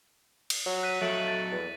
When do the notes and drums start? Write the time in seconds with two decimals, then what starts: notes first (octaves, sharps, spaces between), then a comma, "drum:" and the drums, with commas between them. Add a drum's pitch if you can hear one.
0.50 drum: cymbal
0.66 F#3
0.83 F#6 B6 D#7
1.02 F#3 A3 A4 A6 D7 F#7
1.28 A6
1.52 E2 A6